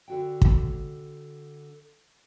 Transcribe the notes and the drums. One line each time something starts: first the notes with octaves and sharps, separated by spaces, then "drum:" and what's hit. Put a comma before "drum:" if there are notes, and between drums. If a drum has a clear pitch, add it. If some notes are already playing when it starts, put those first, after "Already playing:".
D3 F#4 G5
drum: kick